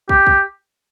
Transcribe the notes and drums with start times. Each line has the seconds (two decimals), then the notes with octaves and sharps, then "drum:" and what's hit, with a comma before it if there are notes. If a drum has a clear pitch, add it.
0.09 G4, drum: kick
0.27 drum: kick